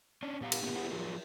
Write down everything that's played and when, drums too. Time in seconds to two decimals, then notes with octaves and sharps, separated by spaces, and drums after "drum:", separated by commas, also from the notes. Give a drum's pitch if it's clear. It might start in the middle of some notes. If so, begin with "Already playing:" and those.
0.23 C#4 D4
0.41 A#2 B3 G4 F5 F#5 A#5
0.52 drum: cymbal
0.63 B2 D3 D#3 A#3 B3 C#4
0.75 B3 E4 G#4 C5 F#5
0.91 F3 F#3 F4 G#4